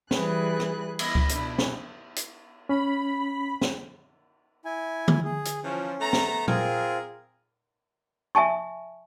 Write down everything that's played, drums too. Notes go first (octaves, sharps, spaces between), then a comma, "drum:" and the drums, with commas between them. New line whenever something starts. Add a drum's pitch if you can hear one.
E3 G3 G#4 B4 F#6, drum: snare
drum: rim click
E4 D#5, drum: cymbal
drum: kick C#2
B2 D4 E4, drum: hi-hat
drum: snare
drum: hi-hat
C#4 B5
drum: snare
E4 G#5
drum: tom D3
G#4
drum: hi-hat
E3 F3 C#4
A3 B3 A#5
drum: snare
C4 F4 G#4 A#4, drum: tom A#2
E5 G#5 A5 C#6